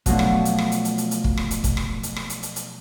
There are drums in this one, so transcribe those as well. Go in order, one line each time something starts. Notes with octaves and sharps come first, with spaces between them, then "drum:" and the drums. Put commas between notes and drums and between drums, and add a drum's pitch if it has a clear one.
B2 F3 F#3 A3 D4, drum: kick, hi-hat
drum: rim click
drum: hi-hat
drum: rim click
drum: hi-hat
drum: hi-hat
drum: hi-hat
drum: hi-hat
drum: kick
drum: rim click
drum: hi-hat
drum: kick, hi-hat
drum: rim click
drum: hi-hat
drum: rim click
drum: hi-hat
drum: hi-hat
drum: hi-hat